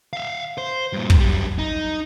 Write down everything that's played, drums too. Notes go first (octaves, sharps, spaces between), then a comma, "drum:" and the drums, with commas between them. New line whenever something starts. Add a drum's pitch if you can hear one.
E5 F5
C5
G2 A#2
drum: kick
F#2 G3
D#4